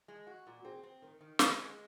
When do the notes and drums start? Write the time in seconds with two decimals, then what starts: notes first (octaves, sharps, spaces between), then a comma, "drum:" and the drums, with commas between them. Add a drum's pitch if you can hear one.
0.08 G#3
0.27 F#4
0.47 A#2
0.59 F#4
0.65 C4 G#4
0.83 C4
1.02 D#3 A#4
1.21 D#3
1.39 G#3 C5, drum: snare
1.59 G#3